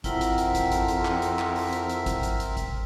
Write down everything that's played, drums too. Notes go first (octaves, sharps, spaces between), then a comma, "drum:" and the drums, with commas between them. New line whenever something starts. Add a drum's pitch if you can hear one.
F2 C4 E4 A#4 E5 F#5, drum: kick G#1, hi-hat
drum: hi-hat
drum: hi-hat
drum: kick G#1, hi-hat
drum: hi-hat
drum: hi-hat
drum: clap
drum: hi-hat
drum: clap
drum: open hi-hat
drum: hi-hat
drum: hi-hat
drum: kick G#1, hi-hat
drum: hi-hat
drum: hi-hat
drum: kick G#1, hi-hat